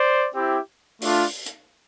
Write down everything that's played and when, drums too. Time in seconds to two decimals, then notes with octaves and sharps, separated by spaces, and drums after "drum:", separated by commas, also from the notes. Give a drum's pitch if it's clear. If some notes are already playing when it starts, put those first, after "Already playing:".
Already playing: C5 D5
0.35 C4 E4 G4
1.02 A3 D4 F4, drum: open hi-hat
1.46 drum: hi-hat